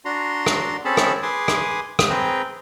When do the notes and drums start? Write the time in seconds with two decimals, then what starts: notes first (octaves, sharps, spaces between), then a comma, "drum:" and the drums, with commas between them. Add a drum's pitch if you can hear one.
0.05 D4 F#4 A#5 C6
0.46 drum: rim click
0.85 C4 C#4 G#4 A4 A5 B5
0.97 drum: rim click
1.23 G#4 B4 G#5 C6 D6 D#6
1.48 drum: rim click
1.99 drum: rim click
2.10 C4 G#4 B4 G5 A#5